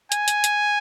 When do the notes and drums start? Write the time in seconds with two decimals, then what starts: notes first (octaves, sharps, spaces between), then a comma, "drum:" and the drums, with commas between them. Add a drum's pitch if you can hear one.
0.12 G#5, drum: hi-hat
0.28 drum: hi-hat
0.44 drum: hi-hat